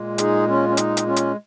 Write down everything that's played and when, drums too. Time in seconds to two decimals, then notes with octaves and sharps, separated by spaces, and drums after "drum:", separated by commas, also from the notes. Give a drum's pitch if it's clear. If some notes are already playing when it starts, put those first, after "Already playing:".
Already playing: A#2 G#3
0.18 D#4 G#4, drum: hi-hat
0.48 C#4 F4
0.69 C#4
0.77 D#4, drum: hi-hat
0.97 drum: hi-hat
1.07 C#4 F4
1.16 drum: hi-hat